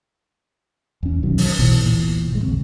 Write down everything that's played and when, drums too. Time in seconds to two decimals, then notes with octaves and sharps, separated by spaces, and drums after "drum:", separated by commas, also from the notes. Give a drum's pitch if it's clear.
1.03 E2 C#4
1.23 B1 E2 D#3 F#3
1.38 drum: open hi-hat
1.59 B1 B2 E3
1.81 D#1 A#2 E3
2.31 A1 G#3
2.43 D#2 C#3 C4